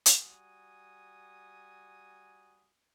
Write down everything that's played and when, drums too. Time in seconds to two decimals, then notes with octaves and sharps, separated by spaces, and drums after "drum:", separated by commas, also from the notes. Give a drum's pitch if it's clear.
0.06 drum: hi-hat
0.18 G3 F#4 G#5 D#6